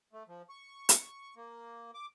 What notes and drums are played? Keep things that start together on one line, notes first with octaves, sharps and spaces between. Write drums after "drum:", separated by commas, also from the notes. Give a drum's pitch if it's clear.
A3
F3
C#6
drum: hi-hat
A#3
D6